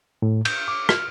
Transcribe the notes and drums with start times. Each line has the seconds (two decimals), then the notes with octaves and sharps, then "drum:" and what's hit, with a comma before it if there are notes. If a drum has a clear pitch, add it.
0.22 A2
0.45 G6, drum: cymbal
0.68 D6
0.89 F6, drum: rim click